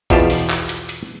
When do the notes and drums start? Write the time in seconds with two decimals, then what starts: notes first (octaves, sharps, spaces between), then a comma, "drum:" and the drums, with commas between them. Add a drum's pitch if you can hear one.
0.10 E2 B2 F3 F4 G4 A5, drum: kick, hi-hat
0.30 drum: open hi-hat
0.50 drum: clap
0.69 drum: hi-hat
0.89 drum: hi-hat